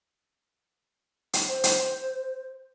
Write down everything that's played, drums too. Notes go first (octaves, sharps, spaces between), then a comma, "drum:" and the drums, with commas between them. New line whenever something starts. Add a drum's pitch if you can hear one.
drum: hi-hat
C5
drum: hi-hat